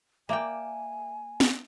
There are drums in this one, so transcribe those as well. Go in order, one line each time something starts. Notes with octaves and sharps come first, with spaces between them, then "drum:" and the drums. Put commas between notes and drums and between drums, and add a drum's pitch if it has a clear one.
A#3 A#4 D5 E5 G5 G#5 E7
drum: snare